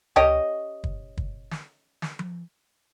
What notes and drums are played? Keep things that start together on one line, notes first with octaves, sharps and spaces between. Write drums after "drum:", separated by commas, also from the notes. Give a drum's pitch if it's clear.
C#4 G4 C#5 D#5, drum: tom C#2
drum: kick
drum: kick
drum: snare
drum: snare
drum: tom F3